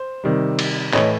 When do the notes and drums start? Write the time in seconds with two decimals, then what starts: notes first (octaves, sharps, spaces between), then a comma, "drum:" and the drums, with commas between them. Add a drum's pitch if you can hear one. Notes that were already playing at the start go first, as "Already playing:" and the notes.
Already playing: C5
0.24 C3 D#3 G3
0.59 drum: cymbal
0.94 A2 E3 A3 C#5 D#5, drum: clap